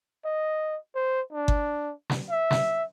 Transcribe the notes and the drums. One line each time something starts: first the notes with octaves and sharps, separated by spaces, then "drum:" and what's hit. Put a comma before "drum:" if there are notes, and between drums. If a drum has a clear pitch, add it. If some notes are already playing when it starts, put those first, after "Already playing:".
D#5
C5
D4
drum: kick G1
drum: snare
E5
drum: snare